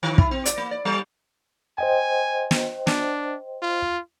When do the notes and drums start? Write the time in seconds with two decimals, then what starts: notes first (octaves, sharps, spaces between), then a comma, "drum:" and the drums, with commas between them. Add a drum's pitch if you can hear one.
0.03 D#3
0.18 E4, drum: kick
0.31 C4
0.46 D5, drum: hi-hat
0.58 A#3
0.71 D5
0.85 G3
1.78 C5 D#5 G5 G#5
2.51 drum: snare
2.87 D4, drum: snare
3.62 F4